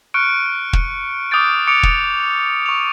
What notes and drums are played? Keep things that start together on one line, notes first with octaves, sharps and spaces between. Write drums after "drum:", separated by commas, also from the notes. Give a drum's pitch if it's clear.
C#6 F6 F#6 C#7 D7
drum: kick
D6 D#6 F6 G6 A6 D7
D6 D#6 C#7 D7 F7
drum: kick
C#6 F7